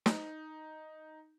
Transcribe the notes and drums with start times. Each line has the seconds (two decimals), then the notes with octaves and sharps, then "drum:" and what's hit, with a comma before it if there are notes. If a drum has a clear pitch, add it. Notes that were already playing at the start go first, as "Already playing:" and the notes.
0.06 D#4, drum: snare